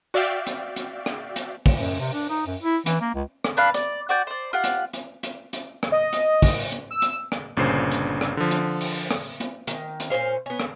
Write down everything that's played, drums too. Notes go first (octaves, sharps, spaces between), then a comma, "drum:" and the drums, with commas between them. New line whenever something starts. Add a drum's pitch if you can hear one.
F#4 D5 E5 F5 G5
drum: hi-hat
drum: hi-hat
drum: rim click
drum: hi-hat
drum: kick, open hi-hat
F#2
C3
D4
D#4
F#2
E4
E3, drum: hi-hat
A#3
C#2
drum: rim click
D4 B4 F5
D5, drum: hi-hat
F#4 D5 G5
C5 D5
F4 G4 F#5
drum: hi-hat
drum: hi-hat
drum: hi-hat
drum: hi-hat
drum: rim click
D#5
drum: hi-hat
drum: kick, open hi-hat
drum: hi-hat
E6
drum: hi-hat
drum: rim click
G1 A#2 C#3 D4 C5 C7
drum: hi-hat
drum: rim click
D3 F3
drum: hi-hat
drum: open hi-hat
drum: rim click
drum: hi-hat
D#3, drum: hi-hat
drum: hi-hat
A#2 C#4 C5 F5
B3 C#4
drum: rim click